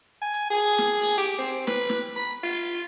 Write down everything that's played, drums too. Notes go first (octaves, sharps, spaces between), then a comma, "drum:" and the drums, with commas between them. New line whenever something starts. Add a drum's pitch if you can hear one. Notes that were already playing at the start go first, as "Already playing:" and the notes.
G#5
drum: hi-hat
G#4
drum: snare
drum: open hi-hat
G4
C4
B4, drum: snare
drum: snare
B5
F4
drum: hi-hat